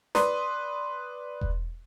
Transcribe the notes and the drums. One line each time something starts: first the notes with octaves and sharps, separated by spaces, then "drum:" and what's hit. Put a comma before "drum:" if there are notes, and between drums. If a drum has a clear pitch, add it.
B4 D5 C6 D#6, drum: snare
drum: kick E1